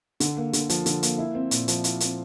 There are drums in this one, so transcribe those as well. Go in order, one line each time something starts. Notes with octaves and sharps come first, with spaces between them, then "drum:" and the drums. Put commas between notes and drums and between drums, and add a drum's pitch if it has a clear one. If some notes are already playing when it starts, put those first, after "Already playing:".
D3, drum: hi-hat
A#3
D3, drum: hi-hat
F3, drum: hi-hat
D3, drum: hi-hat
A#3, drum: hi-hat
E4
C4
A#2, drum: hi-hat
F3, drum: hi-hat
E4, drum: hi-hat
C4, drum: hi-hat